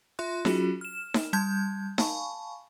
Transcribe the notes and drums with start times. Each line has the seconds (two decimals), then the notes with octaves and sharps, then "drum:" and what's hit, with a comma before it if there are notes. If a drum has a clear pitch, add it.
0.19 F4 E5 C6 F#6
0.45 F#3 C#4 F4 F#4 G#4, drum: snare D#4
0.81 F6 E7
1.14 drum: snare D#4
1.33 G3 A5 G6 G#6
1.98 F5 G#5 A5 B5 C#6, drum: snare D#4